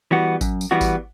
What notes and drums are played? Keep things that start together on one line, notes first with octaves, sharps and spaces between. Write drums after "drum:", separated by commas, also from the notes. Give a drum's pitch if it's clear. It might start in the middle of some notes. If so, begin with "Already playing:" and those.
E3 G3 B3 F#4
F#2, drum: kick G#1, tambourine
drum: tambourine
E3 G3 B3 F#4
drum: kick G#1, tambourine